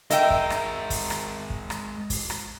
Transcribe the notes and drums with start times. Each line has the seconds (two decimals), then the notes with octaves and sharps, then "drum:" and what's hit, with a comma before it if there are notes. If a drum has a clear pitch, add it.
0.10 G#3 A#4 D#5 E5 G5, drum: hi-hat
0.30 drum: kick
0.50 drum: rim click
0.90 drum: kick, open hi-hat
1.10 drum: rim click
1.50 drum: kick
1.70 drum: rim click
2.10 drum: kick, open hi-hat
2.30 drum: rim click